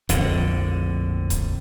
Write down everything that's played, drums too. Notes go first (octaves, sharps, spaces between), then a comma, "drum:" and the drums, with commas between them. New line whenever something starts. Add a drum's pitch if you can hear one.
A#1 F2 A2 D3, drum: kick C#1, hi-hat
drum: kick C#1, hi-hat